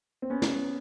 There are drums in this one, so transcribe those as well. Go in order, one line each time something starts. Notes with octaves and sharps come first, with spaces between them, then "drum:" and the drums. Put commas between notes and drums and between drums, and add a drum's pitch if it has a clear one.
C4
B3 C#4
drum: snare